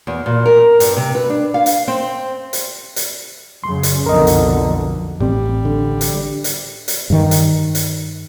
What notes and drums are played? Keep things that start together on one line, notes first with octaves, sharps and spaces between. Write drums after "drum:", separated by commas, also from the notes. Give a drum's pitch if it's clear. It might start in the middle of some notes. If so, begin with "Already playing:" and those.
E2
A#2
A#4
G2, drum: hi-hat
C3
B4
D4
F5
drum: hi-hat
C4
drum: hi-hat
drum: hi-hat
F#2 C#3 C6
drum: hi-hat
B1 F2 D3 A#4 D#5
drum: hi-hat
A1 G3 C4
D3
drum: hi-hat
drum: hi-hat
drum: hi-hat
G2 D#3
drum: hi-hat
drum: hi-hat